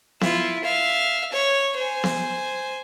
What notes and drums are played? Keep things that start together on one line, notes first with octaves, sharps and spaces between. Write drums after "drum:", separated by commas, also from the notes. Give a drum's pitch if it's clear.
E4 F4, drum: snare B3
E5 F5
C#5
C5 G#5
drum: snare B3